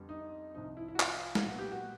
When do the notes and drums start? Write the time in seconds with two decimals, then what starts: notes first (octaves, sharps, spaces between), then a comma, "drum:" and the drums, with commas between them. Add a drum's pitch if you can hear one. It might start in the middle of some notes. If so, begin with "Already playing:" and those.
Already playing: F2 D3 G3 B3
0.09 D#4
0.54 C2 C3 F3 D#4
0.77 E4
0.88 E4
0.95 F#4
1.00 F4, drum: clap
1.35 drum: snare
1.44 A#2 F#3 B3 F#4
1.59 G4
1.72 F#4